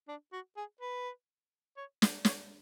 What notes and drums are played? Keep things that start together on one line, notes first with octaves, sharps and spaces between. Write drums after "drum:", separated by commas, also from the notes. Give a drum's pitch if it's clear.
D4
F#4
G#4
B4
C#5
drum: snare
C#5, drum: snare